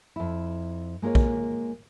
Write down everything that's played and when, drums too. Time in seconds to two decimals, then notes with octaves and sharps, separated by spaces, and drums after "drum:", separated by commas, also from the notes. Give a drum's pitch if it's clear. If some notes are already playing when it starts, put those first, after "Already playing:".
0.16 F2 E4
1.02 G#3 A#3 F4 G#4 C#5
1.15 drum: kick